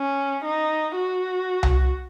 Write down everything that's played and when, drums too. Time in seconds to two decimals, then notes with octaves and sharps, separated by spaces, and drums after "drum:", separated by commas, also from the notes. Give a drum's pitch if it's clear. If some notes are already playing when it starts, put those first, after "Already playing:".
Already playing: C#4
0.45 D#4
0.96 F#4
1.63 drum: tom C2